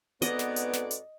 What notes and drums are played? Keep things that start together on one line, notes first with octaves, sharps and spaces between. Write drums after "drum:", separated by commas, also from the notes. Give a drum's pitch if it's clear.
G#2 B3 C4 F#4 A4 B4 D5 D#5, drum: hi-hat
drum: snare
drum: hi-hat
drum: snare
drum: hi-hat